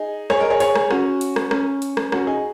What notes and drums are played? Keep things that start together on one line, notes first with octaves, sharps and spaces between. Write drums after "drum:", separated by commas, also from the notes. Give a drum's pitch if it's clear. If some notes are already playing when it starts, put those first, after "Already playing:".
Already playing: D#4 G#4
G#4 C#5, drum: rim click
A#4 D#5
G#4 C#5
G#4 C#5, drum: hi-hat
drum: rim click
C#4 F#4, drum: rim click
drum: hi-hat
drum: rim click
C#4, drum: rim click
drum: hi-hat
drum: rim click
C#4 F#4, drum: rim click
D#4 G#4